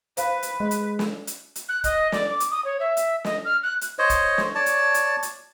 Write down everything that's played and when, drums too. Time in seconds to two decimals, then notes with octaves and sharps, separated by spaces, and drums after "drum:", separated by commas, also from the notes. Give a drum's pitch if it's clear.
0.17 B4 C5 F5, drum: hi-hat
0.43 drum: hi-hat
0.60 G#3
0.71 drum: hi-hat
0.99 drum: snare
1.27 drum: hi-hat
1.56 drum: hi-hat
1.69 F#6
1.84 D#5, drum: kick, hi-hat
2.12 D5, drum: snare
2.29 D6
2.40 drum: hi-hat
2.51 D#6
2.65 C#5
2.80 E5
2.97 drum: hi-hat
3.24 D#5, drum: snare
3.45 F6
3.63 F#6
3.81 drum: hi-hat
3.99 C5 C#5 D#5
4.10 drum: kick, hi-hat
4.38 drum: snare
4.55 C#5 D5 A5
4.66 drum: hi-hat
4.94 drum: hi-hat
5.23 drum: hi-hat